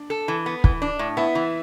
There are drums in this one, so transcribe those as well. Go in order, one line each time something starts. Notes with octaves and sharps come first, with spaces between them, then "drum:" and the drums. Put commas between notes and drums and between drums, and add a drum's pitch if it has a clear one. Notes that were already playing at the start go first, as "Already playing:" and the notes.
Already playing: D4
A4
E3
B3
E3, drum: kick
D4
A2
B3 E4
E3